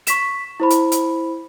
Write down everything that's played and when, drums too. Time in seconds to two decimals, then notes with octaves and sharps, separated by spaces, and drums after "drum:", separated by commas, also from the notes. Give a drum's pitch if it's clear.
0.07 C#6 B6 E7, drum: hi-hat
0.60 E4 C5 B5
0.70 drum: hi-hat
0.92 drum: hi-hat